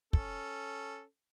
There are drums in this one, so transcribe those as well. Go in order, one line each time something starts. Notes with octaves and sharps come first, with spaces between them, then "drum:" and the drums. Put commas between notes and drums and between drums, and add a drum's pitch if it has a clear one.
C#4 A4, drum: kick